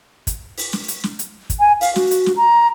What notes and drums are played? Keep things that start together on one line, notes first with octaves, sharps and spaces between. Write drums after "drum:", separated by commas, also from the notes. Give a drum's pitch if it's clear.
drum: kick, hi-hat
drum: open hi-hat
drum: snare
drum: hi-hat
drum: snare
drum: hi-hat
drum: kick, hi-hat
G#5
F5, drum: open hi-hat
F#4, drum: snare
drum: hi-hat
drum: snare
A#5